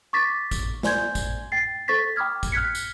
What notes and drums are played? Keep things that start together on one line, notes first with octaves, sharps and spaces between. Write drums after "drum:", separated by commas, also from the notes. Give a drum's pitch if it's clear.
C#6 D6 A6 B6
drum: kick A1, tambourine
C5 D5 G#5 C6 G6 G#6, drum: snare
drum: kick A1, tambourine
G5 A6 C7
A4 C5 C#6 A6 B6
G5 B5 D6 D#6 F6 G#6
drum: kick A1, tambourine
F6 F#6 G#6 B6 C#7
drum: tambourine